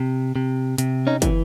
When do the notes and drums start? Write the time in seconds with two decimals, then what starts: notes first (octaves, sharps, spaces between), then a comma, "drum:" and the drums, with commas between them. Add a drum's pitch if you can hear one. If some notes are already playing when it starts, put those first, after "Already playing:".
Already playing: C3
0.36 C3
0.78 C3, drum: hi-hat
1.07 C#4 D#4
1.22 E3, drum: kick, hi-hat